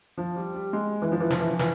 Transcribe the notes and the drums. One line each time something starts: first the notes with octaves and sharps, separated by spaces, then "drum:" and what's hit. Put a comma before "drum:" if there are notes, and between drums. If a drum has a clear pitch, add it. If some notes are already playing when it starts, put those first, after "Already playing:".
F3
G3
G3
G#3
E3
F3
E3
F3, drum: snare
E3
F3
E3, drum: snare